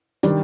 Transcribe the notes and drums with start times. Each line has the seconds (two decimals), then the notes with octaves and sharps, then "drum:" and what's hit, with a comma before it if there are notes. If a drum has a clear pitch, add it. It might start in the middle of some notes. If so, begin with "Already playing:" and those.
0.23 D#3 G3 D4, drum: hi-hat